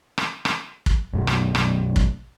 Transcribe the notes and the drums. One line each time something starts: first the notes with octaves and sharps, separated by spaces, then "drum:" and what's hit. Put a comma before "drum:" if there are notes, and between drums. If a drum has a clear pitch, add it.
drum: rim click
drum: rim click
drum: kick
B1 F#2 A3
drum: rim click
drum: rim click
drum: kick